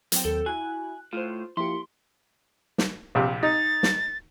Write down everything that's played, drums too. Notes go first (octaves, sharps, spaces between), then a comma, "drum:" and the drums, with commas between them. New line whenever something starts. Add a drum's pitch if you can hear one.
F#3 C4 G5, drum: hi-hat
D#2 A4
E4 F#4 G#5 F#6
A2 F4 C5
F3 A#3 E4 G4 C6 C#7
drum: snare
A#1 C3
D#4 A6
drum: snare